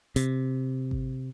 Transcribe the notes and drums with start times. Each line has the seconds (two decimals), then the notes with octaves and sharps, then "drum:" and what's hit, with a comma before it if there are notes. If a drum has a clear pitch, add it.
0.16 C3, drum: hi-hat
0.91 drum: kick G#1